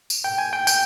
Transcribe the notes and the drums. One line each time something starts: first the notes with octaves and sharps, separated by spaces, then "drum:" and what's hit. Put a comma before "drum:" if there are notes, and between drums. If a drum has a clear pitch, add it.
drum: tambourine
G5
G#5
G5
G5, drum: tambourine